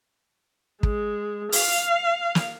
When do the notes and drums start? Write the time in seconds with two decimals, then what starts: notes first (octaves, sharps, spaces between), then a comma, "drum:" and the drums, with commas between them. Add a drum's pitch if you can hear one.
0.83 G#3, drum: kick
1.52 F5, drum: open hi-hat
2.35 drum: snare